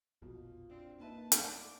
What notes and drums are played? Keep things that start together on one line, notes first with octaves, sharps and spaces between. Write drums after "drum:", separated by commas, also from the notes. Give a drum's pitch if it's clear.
E1 A#1 F2 B2 F4
C4 D4
A#3 D#4 B4 E5 A5
drum: hi-hat
A3 D5 D6